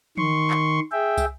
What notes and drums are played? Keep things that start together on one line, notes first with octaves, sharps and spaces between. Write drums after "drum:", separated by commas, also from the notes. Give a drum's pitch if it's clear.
D#3 C6 C#6, drum: tom E3
drum: clap
G#4 E5 G5
drum: kick, tambourine